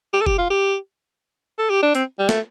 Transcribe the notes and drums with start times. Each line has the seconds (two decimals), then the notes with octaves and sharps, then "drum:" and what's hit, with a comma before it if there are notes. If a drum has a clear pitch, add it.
0.13 G4
0.21 A4
0.26 G4, drum: kick F1
0.38 F4
0.50 G4
1.58 A4
1.70 G4
1.82 D4
1.95 C4, drum: hi-hat
2.19 G3
2.29 A3, drum: snare